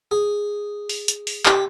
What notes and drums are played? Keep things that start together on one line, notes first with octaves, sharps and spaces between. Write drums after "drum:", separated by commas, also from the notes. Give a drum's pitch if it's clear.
G#4
drum: open hi-hat
drum: hi-hat
drum: open hi-hat
G4, drum: clap